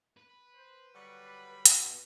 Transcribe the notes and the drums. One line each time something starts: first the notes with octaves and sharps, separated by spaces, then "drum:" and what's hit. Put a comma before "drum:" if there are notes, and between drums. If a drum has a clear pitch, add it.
B4
C5
D3 F#3 G3 C#6
B5
B2 F#4 B4, drum: hi-hat